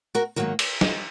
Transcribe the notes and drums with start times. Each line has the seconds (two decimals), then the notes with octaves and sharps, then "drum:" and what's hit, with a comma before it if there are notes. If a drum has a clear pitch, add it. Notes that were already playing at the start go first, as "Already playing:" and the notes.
0.15 F#4 A#4
0.36 G#2 D#3 F#3 A#3 F#4 A#4
0.59 drum: cymbal
0.81 drum: snare